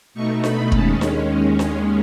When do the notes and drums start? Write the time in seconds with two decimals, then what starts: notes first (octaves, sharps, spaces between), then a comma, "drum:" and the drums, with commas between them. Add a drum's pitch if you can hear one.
0.14 B2 A3 D#4 C#6
0.44 B5, drum: snare D4
0.72 D#2 D#3 G#3 C#4 A5, drum: kick
1.01 drum: snare D4
1.59 drum: snare D4